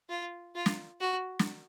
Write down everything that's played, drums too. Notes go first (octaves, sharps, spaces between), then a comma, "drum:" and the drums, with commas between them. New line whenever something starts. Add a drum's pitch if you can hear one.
F4
F4
drum: snare
F#4
drum: snare